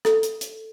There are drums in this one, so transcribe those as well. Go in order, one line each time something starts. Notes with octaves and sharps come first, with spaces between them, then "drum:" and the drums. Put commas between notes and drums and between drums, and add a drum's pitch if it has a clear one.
A4, drum: rim click
drum: hi-hat
drum: hi-hat